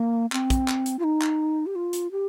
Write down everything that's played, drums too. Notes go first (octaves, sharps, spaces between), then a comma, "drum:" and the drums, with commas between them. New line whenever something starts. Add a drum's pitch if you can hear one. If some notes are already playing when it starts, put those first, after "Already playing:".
Already playing: A#3
C4, drum: clap
drum: kick, hi-hat
drum: clap
drum: hi-hat
F4
D#4
drum: clap
G4
F4
drum: hi-hat
G4